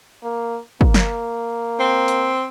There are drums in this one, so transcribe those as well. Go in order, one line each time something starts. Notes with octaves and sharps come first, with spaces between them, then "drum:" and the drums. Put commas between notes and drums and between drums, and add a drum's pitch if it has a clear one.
A#3
A#3, drum: kick
drum: snare
C4
drum: hi-hat